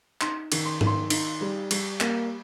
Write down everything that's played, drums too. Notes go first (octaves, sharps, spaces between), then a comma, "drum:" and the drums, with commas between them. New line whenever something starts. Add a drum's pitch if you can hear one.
D#4 C6, drum: clap
D#3, drum: cymbal
C6
D#3, drum: tom G#2
C6
D#4, drum: cymbal
G3
G3, drum: cymbal
A#3, drum: clap